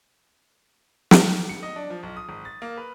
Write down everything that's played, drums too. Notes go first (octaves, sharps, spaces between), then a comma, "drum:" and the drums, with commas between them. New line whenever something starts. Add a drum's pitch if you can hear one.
drum: snare
C#7
D#5
D4
F3
B1
D#6
G#1
A6
A#3
B4